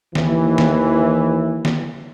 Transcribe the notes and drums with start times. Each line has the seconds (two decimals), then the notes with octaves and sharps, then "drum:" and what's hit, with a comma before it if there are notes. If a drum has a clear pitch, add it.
0.15 D#2 E3, drum: snare
0.58 drum: snare
1.65 drum: snare